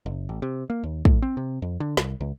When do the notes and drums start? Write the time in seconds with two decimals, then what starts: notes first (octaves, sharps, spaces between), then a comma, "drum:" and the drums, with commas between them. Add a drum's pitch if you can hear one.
0.06 F#1
0.29 A1
0.42 C3
0.70 A#3
0.84 D#2
1.05 A2, drum: kick
1.22 C4
1.37 C3
1.62 F2
1.80 D3
1.97 C2, drum: snare
2.21 C#2